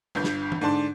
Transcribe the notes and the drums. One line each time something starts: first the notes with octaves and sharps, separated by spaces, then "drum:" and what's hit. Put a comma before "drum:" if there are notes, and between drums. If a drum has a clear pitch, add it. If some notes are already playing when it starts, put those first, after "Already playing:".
G1 G2 G6
drum: snare
drum: tom E3
G#2 D3 D4 A5 C6